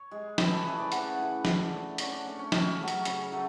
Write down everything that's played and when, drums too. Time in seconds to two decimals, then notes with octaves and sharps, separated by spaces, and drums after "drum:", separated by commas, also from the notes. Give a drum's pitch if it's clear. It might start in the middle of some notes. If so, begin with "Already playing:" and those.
Already playing: C#5
0.11 G#3
0.38 C#3 B4, drum: snare
0.51 A4
0.65 E3 A3 G#4
0.79 D5
0.92 C#3 F#5, drum: hi-hat
1.18 E3 A3
1.45 D3 E5, drum: snare
1.71 A3 D5
1.98 D3 C#5, drum: hi-hat
2.06 C#4
2.12 D4
2.25 A3 C#4
2.39 C#4
2.52 C#3 C#4, drum: snare
2.79 F#3 A3
2.88 drum: hi-hat
3.05 C#3, drum: hi-hat
3.32 F#3 A3